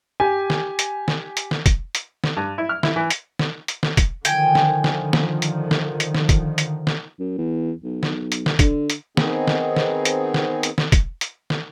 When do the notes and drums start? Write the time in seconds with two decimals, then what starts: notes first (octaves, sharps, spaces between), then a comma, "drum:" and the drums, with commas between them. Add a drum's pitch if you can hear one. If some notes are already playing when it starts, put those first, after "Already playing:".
0.20 G4 G#5
0.50 drum: snare
0.79 drum: hi-hat
1.08 drum: snare
1.37 drum: hi-hat
1.51 drum: snare
1.66 drum: kick, hi-hat
1.95 drum: hi-hat
2.24 drum: snare
2.37 G2
2.58 E4
2.69 F6
2.83 E4, drum: snare
2.96 E3
3.10 drum: hi-hat
3.39 drum: snare
3.68 drum: hi-hat
3.83 drum: snare
3.97 drum: kick, hi-hat
4.25 D3 D#3 F3 G5 G#5, drum: hi-hat
4.55 drum: snare
4.84 drum: snare
5.13 drum: snare
5.42 drum: hi-hat
5.71 drum: snare
6.00 drum: hi-hat
6.15 drum: snare
6.29 drum: kick, hi-hat
6.58 drum: hi-hat
6.87 drum: snare
7.19 F#2
7.38 E2
7.84 B1
8.03 drum: snare
8.32 drum: hi-hat
8.46 drum: snare
8.59 D3, drum: kick, hi-hat
8.90 drum: hi-hat
9.17 D#3 B3 C4 D#4 G#4, drum: snare
9.48 drum: snare
9.76 drum: snare
10.05 drum: hi-hat
10.34 drum: snare
10.63 drum: hi-hat
10.78 drum: snare
10.92 drum: kick, hi-hat
11.21 drum: hi-hat
11.50 drum: snare